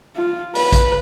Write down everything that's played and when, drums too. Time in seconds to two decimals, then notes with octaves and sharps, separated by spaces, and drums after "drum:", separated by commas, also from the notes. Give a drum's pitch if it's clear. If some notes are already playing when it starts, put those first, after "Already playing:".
0.16 F4
0.55 B4, drum: open hi-hat
0.72 drum: kick, hi-hat